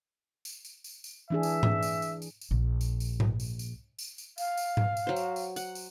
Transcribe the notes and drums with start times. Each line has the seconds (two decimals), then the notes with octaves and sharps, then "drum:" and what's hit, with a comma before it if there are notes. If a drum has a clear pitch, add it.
0.45 drum: tambourine
0.65 drum: tambourine
0.84 drum: tambourine
1.04 drum: tambourine
1.30 E3 D4 G#4 E5
1.43 drum: tambourine
1.63 drum: tom G#2
1.83 drum: tambourine
2.02 drum: tambourine
2.22 drum: tambourine
2.41 drum: tambourine
2.51 A#1
2.81 drum: tambourine
3.00 drum: tambourine
3.20 drum: tom G#2
3.40 drum: tambourine
3.59 drum: tambourine
3.99 drum: tambourine
4.18 drum: tambourine
4.38 F5, drum: tambourine
4.57 drum: tambourine
4.77 drum: tom G#2
4.97 drum: tambourine
5.07 F#3 C5
5.16 drum: tambourine
5.36 drum: tambourine
5.56 F#5, drum: tambourine
5.75 drum: tambourine